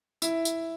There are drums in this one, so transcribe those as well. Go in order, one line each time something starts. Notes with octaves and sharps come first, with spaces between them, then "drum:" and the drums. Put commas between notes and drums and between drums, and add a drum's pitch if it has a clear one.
E4, drum: tambourine
drum: tambourine